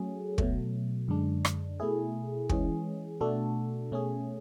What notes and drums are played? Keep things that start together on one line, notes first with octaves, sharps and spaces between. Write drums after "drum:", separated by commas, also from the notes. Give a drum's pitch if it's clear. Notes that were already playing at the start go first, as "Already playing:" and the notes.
Already playing: F#3 A3 C#4 G#4
B2 F#3 A3, drum: kick
F#2 D3 G#3 D4
drum: rim click
B2 A3 E4 G#4
E3 G#3 C#4 G#4, drum: kick
B2 A3 D4 F#4 A4
B2 A3 C#4 G#4